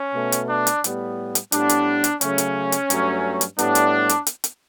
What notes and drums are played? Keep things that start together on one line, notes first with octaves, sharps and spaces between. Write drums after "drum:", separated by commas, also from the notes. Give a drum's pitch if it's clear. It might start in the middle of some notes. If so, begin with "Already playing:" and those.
Already playing: C#4
B2 A3
drum: hi-hat
D4
drum: hi-hat
A2 G3 B3, drum: hi-hat
drum: hi-hat
A2 G3 B3 D4, drum: hi-hat
drum: hi-hat
drum: hi-hat
C#3 F#3 A3 C#4, drum: hi-hat
drum: hi-hat
drum: hi-hat
G2 F#3 A3, drum: hi-hat
drum: hi-hat
A2 G3 B3 D4, drum: hi-hat
drum: hi-hat
drum: hi-hat
drum: hi-hat
drum: hi-hat